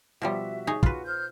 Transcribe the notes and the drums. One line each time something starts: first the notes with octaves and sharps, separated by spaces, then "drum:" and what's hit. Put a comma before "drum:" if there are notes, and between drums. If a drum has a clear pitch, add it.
B2 F3 G3 F#4 E5
D#4 G#4 C#5
F4 F#4 B4, drum: kick
C5 F6 G6